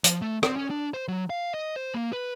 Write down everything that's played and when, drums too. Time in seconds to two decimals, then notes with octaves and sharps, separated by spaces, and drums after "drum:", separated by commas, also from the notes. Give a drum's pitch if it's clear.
0.04 F3, drum: hi-hat
0.22 A3
0.43 C4, drum: rim click
0.56 C#4
0.70 D4
0.94 C5
1.08 F#3
1.30 F5
1.54 D#5
1.76 C5
1.94 A#3
2.13 B4